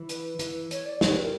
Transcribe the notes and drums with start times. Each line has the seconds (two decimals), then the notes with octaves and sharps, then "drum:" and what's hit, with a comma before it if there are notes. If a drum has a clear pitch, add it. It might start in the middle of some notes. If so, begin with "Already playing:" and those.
Already playing: E3
0.09 B4, drum: hi-hat
0.39 E3, drum: hi-hat
0.71 C#5, drum: hi-hat
0.85 D5
1.01 G3 C#5, drum: snare
1.11 B4
1.22 A#4